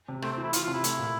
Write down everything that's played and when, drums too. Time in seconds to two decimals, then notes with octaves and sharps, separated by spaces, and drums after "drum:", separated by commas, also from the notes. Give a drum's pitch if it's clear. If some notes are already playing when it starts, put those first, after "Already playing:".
0.08 C3
0.22 A3 C4, drum: rim click
0.32 E3 C4
0.43 E4
0.53 E3 F4, drum: hi-hat
0.63 C3 F4
0.73 E4
0.84 A3, drum: hi-hat
0.99 A#2